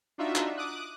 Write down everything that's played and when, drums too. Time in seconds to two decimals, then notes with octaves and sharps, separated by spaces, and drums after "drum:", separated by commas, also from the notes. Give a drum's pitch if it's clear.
0.18 D4 D#4 F4 F#4 E5
0.35 drum: clap
0.57 D6 D#6 F#6